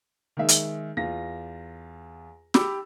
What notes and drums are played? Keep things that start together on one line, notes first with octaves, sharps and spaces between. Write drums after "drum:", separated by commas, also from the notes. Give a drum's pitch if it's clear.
D#3 G#3 E5
drum: hi-hat
E2 F4 A#6
G4 B5 D6 E6, drum: snare